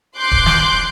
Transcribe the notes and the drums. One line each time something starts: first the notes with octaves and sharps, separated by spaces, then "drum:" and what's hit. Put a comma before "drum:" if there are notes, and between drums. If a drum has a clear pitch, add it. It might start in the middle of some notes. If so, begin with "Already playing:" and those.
C6 D6 F#6 G6
drum: kick
drum: snare